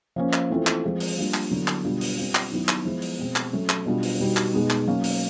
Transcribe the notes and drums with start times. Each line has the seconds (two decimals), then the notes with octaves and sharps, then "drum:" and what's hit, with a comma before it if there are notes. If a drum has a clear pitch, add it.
0.16 F3 A#3 C#4
0.33 drum: clap
0.50 E3 A3 C4 F4
0.67 drum: clap
0.84 F3 G#3 C4
1.00 drum: open hi-hat
1.17 G3 A#3 D4 F4
1.34 drum: clap
1.51 D3 F#3 B3 E4
1.68 drum: clap
1.84 B2 G3 B3 D4 F4
2.01 drum: open hi-hat
2.18 G3 C4 F4
2.35 drum: clap
2.51 D#3 F#3 B3 E4
2.68 drum: clap
2.85 F3 G#3 B3 E4
3.02 drum: open hi-hat
3.19 B2 G#3 C4
3.36 drum: clap
3.53 F#3 A3 C#4
3.69 drum: clap
3.86 B2 G3 B3 D4 F4
4.03 drum: open hi-hat
4.20 B2 G3 B3 D#4 F#4
4.37 drum: clap
4.53 B2 G#3 B3 D#4
4.70 drum: clap
4.87 F#3 A#3 C#4
5.04 drum: open hi-hat